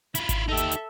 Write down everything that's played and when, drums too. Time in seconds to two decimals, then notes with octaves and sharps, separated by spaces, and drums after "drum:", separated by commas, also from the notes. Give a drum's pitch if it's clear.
0.15 E4 F4 B5, drum: hi-hat
0.29 drum: kick G#1, hi-hat
0.48 D#4 G4 A4 E5
0.57 drum: hi-hat
0.71 drum: hi-hat